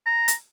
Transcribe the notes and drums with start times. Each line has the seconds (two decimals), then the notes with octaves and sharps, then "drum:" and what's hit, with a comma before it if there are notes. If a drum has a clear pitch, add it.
0.06 A#5
0.28 drum: hi-hat